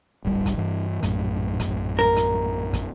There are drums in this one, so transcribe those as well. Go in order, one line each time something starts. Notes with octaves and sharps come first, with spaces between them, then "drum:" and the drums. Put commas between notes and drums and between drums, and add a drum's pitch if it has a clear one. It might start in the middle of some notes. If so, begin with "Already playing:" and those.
D1 G#1 G3
drum: kick, hi-hat
G2 E3
A#1 F#2 A2, drum: hi-hat
drum: kick, hi-hat
A#4
drum: hi-hat
drum: kick, hi-hat